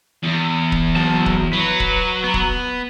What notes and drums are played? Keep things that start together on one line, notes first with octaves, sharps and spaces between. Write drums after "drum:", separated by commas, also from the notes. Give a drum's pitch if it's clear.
E2
drum: kick
F#3 A5
drum: kick
F#3 B4
drum: kick
B3
drum: kick